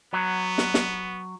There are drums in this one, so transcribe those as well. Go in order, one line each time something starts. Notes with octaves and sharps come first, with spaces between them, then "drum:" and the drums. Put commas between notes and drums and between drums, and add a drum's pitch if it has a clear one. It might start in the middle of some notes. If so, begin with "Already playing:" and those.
F#3 B3
drum: snare
drum: snare